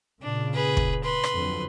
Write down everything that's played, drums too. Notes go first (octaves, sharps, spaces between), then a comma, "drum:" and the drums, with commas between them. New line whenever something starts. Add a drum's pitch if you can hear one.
A#2 C#3 D4
G#4 B4
drum: kick
B4 C6
drum: rim click
F2 D3 F#3